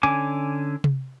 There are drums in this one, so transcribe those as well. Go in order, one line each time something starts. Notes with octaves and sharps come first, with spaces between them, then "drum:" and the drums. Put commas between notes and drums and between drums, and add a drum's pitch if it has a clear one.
D3 C#4 G#5 D6
drum: tom C3